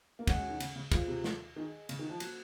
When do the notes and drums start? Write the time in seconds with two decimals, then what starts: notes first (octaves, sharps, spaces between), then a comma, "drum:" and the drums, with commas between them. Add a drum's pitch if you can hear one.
0.19 A#3
0.27 G#3 C#4 G#4 C#5 F#5, drum: kick, cymbal
0.38 F#3
0.49 D#3
0.60 C#3, drum: cymbal
0.76 C#3
0.92 F4 G#4 C5 F5, drum: kick, cymbal
1.08 C3
1.24 drum: snare
1.56 D#3 G#4 D#5 G#5
1.89 C#3, drum: cymbal
1.99 D#3
2.10 F3
2.20 F#3 A#3 C#4 F#4 C5, drum: cymbal